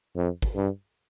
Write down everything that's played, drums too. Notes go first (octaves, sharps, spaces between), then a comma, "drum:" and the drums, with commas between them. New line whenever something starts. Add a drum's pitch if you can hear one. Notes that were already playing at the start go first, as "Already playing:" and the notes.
F2
drum: kick
G2